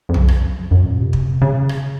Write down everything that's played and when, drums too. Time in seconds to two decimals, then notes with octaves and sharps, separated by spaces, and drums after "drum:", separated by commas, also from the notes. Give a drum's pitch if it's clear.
0.09 F2
0.14 F#2, drum: tom B1
0.28 drum: rim click
0.56 F2
0.71 F#2
0.85 A#2
0.99 C3
1.13 drum: kick
1.42 C#3
1.69 drum: rim click